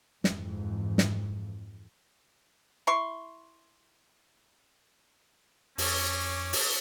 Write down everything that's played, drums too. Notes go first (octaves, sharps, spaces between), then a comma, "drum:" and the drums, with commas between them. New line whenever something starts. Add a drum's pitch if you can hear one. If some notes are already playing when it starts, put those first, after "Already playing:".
F2 G#2 E3, drum: snare
drum: snare
E4 C6 C#6
F2 C#4 C#5 D6, drum: open hi-hat
drum: open hi-hat